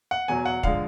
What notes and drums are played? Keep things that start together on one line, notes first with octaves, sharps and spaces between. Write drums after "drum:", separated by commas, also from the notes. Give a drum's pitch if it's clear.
F#5
E2 B2 F#3 G#5
F#5
D3 F3 G#3 F5, drum: kick